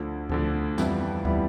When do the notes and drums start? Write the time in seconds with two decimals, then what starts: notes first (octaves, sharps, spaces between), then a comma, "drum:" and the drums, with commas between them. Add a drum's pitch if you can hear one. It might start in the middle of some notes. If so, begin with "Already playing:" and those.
Already playing: D2 D3 F3
0.29 D2 D3 F3, drum: kick D2
0.78 F2 E3 G3 B3 E4, drum: snare
1.25 E3 G3 B3 E4, drum: kick D2